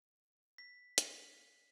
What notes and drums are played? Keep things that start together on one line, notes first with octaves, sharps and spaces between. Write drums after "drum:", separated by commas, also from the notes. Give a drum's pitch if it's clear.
B6
drum: hi-hat